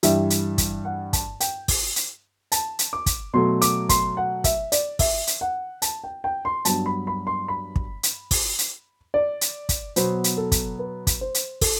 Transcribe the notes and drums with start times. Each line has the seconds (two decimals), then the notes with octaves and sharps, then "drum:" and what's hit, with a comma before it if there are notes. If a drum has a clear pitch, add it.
0.03 G2 E3 G3 E5, drum: hi-hat
0.30 drum: hi-hat
0.58 drum: kick, hi-hat
0.85 F#5
1.13 A5, drum: kick, hi-hat
1.40 G5, drum: hi-hat
1.68 drum: kick, open hi-hat
1.96 drum: hi-hat
2.52 A5, drum: hi-hat
2.79 drum: hi-hat
2.93 D6
3.06 drum: kick, hi-hat
3.33 B2 F#3 A3 C6
3.62 D6, drum: hi-hat
3.89 C6, drum: kick, hi-hat
4.17 F#5
4.44 E5, drum: kick, hi-hat
4.72 D5, drum: hi-hat
4.99 E5, drum: kick, open hi-hat
5.27 drum: hi-hat
5.41 F#5
5.82 A5, drum: hi-hat
6.04 G5
6.24 G5
6.45 C6
6.65 G2 F#3 B3 A5, drum: hi-hat
6.86 B5
7.07 B5
7.27 C6
7.48 B5
7.76 drum: kick
8.03 drum: hi-hat
8.31 drum: kick, open hi-hat
8.58 drum: hi-hat
9.14 D5
9.41 drum: hi-hat
9.69 drum: kick, hi-hat
9.96 B2 F#3 B3 C5, drum: hi-hat
10.24 drum: hi-hat
10.38 A4
10.52 drum: kick, hi-hat
10.79 B4
11.07 drum: kick, hi-hat
11.21 C5
11.34 drum: hi-hat
11.61 A4, drum: kick, open hi-hat